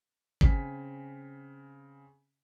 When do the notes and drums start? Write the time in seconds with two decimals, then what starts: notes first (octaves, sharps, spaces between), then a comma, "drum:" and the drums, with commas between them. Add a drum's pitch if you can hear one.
0.41 C#3 C4 G#5 B6, drum: kick G1